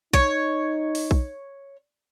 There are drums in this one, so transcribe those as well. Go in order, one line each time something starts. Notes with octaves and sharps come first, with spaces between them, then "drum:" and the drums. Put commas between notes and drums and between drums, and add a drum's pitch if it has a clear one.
D#4 C#5, drum: kick B1
drum: open hi-hat
drum: kick B1